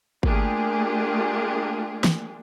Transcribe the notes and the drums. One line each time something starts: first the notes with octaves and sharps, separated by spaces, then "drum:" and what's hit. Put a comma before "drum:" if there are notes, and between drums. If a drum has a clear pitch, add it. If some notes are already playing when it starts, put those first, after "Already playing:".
A3 A#3 D4 F4 G4 G#4, drum: kick G#1
drum: snare